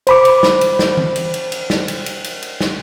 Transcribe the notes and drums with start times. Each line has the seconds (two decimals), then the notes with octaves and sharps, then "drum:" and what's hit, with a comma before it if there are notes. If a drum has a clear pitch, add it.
0.07 C5 B5 D6, drum: cymbal
0.25 drum: cymbal
0.43 drum: snare
0.61 drum: cymbal
0.79 drum: snare
0.97 drum: tom
1.16 drum: cymbal
1.34 drum: cymbal
1.52 drum: cymbal
1.70 drum: snare
1.88 drum: cymbal
2.06 drum: cymbal
2.24 drum: cymbal
2.42 drum: cymbal
2.61 drum: snare